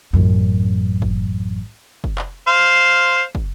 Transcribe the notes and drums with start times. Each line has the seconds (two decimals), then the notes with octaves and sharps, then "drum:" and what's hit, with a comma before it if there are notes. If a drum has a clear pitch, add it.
0.13 A1 F#2
1.02 drum: kick
2.04 drum: kick
2.18 drum: clap
2.47 C5 F5
3.35 drum: kick